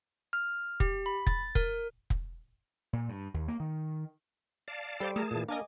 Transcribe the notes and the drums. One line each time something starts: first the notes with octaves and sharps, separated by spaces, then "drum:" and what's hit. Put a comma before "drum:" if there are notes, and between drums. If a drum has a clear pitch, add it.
F6
G4, drum: kick
B5
A6, drum: kick
A#4, drum: kick
drum: kick
A#2
G2
D#2
A#3
D#3
D5 F5 A5
G3 A4 C5 D6
A3 G#4 A#4 A5
A#2 E3
A#3 D4 A#4 D#5 G#5 D6